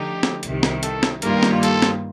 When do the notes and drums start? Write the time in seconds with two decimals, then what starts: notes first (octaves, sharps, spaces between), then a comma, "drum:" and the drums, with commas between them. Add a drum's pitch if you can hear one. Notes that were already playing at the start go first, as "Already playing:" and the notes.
Already playing: D3 F3 A3 D#4 G4
0.23 drum: snare
0.43 C2 C3 D#3, drum: hi-hat
0.63 drum: snare
0.83 A4, drum: hi-hat
1.03 drum: snare
1.22 G2 D#3 G3 A#3 F4 A#4, drum: hi-hat
1.43 drum: snare
1.63 A4, drum: hi-hat
1.82 drum: snare